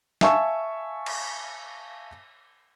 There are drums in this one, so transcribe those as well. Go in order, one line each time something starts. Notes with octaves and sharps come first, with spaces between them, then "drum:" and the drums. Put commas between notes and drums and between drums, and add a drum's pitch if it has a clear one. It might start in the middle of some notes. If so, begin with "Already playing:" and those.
E5 F5 G#5 A5 C#6 E6, drum: snare
drum: cymbal